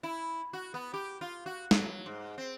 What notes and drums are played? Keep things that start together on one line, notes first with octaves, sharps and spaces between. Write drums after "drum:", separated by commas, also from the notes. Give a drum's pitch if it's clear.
E4
F#4
B3
G4
F4
F#4
F#3, drum: snare
G#2
C4